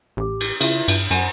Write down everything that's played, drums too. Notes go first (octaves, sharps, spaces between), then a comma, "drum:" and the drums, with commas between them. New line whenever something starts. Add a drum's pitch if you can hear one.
A1 G4 D6
drum: cymbal
C#3 E4 F4 E5, drum: cymbal
G2, drum: cymbal
F#2 C5 F#5 G#5, drum: cymbal